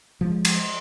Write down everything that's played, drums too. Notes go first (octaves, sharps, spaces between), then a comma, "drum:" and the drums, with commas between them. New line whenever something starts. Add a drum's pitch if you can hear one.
F3 G#3
drum: cymbal